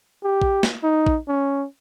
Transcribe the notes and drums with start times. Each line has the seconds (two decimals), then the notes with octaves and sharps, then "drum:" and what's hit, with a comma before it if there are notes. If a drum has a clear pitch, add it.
0.24 G4
0.42 drum: kick
0.63 drum: snare
0.83 D#4
1.06 drum: kick
1.28 C#4